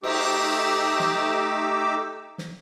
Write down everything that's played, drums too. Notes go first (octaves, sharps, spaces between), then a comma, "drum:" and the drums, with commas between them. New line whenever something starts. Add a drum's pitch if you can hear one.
A3 D#4 G4 D6 E6, drum: cymbal
drum: snare
drum: snare